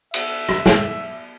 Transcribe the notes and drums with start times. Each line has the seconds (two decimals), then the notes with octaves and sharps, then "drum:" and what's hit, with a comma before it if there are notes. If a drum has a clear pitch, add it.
0.14 E5, drum: cymbal
0.49 drum: rim click
0.66 drum: snare